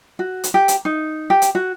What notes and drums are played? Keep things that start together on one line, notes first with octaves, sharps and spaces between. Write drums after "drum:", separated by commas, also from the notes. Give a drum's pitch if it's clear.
F#4
drum: hi-hat
G4
drum: hi-hat
D#4
G4
drum: hi-hat
F#4